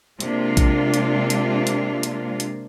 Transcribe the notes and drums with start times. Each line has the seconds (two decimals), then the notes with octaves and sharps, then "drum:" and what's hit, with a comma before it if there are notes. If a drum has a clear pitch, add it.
0.20 C3 G#3 A#3 D4 F4, drum: hi-hat
0.57 drum: kick A#1, hi-hat
0.94 drum: hi-hat
1.30 drum: hi-hat
1.67 drum: hi-hat
2.03 drum: hi-hat
2.40 drum: hi-hat